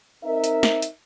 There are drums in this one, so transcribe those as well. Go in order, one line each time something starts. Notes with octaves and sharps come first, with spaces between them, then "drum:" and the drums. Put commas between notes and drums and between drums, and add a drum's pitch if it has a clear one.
C4 D#4 A#4 E5
drum: hi-hat
drum: snare
drum: hi-hat